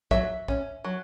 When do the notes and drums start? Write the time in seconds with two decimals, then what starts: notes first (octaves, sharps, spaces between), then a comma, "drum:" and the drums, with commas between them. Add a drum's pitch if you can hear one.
0.11 F#3 E5, drum: kick
0.48 C#4, drum: kick
0.84 F#3